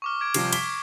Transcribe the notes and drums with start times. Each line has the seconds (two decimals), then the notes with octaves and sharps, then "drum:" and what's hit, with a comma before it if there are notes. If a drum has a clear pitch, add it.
0.02 C#6 D6 F6
0.20 D6 G#6 D7
0.34 C3 F3 G3 C7, drum: cymbal
0.53 B6 G7, drum: cymbal